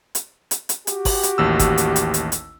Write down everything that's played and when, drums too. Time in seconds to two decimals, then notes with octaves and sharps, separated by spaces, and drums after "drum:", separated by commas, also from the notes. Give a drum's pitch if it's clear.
0.15 drum: hi-hat
0.51 drum: hi-hat
0.69 drum: hi-hat
0.87 F#4 G4, drum: hi-hat
1.05 drum: kick G1, open hi-hat
1.23 drum: hi-hat
1.38 A1 D#2 E6
1.59 drum: kick G1, hi-hat
1.78 drum: hi-hat
1.96 drum: hi-hat
2.14 drum: hi-hat
2.32 drum: hi-hat